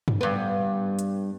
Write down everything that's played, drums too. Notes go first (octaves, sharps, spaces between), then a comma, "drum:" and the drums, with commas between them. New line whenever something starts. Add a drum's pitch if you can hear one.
drum: tom G2
G2 B3
drum: hi-hat